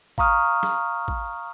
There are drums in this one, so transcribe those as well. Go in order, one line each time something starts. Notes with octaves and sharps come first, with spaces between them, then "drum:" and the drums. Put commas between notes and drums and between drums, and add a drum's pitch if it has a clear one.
F5 A#5 C#6 D#6 F6, drum: kick A1
drum: snare
drum: kick A1